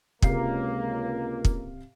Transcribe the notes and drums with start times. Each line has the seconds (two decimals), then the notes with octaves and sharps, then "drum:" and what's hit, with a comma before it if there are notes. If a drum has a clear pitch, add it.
0.22 C#2 C3 A#3 F5 C7, drum: kick
1.45 drum: kick